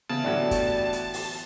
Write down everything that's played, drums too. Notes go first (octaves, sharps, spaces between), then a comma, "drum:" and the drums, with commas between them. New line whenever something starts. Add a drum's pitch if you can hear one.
C#3 E3 B3 A5
A2 D3 F#3 G3
drum: kick, hi-hat
drum: hi-hat
drum: open hi-hat